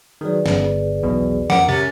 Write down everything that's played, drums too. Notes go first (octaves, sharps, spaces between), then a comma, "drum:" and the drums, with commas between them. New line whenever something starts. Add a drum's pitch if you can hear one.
D#3 F#3 G#4 B4 D5
G1, drum: snare
B1 E2 B2
F2 A#4 F#5 A#5 D6, drum: snare
C3 C#4 A6